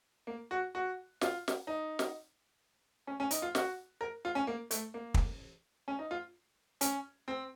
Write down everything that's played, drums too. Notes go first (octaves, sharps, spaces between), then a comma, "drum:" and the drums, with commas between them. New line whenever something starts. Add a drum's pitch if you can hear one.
A#3
F#4
F#4
F4, drum: snare
drum: snare
D#4
drum: snare
C#4
C#4
D#4, drum: hi-hat
F4
F#4, drum: snare
A#4
F4
C#4
A#3
A3, drum: hi-hat
A#3
drum: kick
C#4
D#4
F4
C#4, drum: hi-hat
C4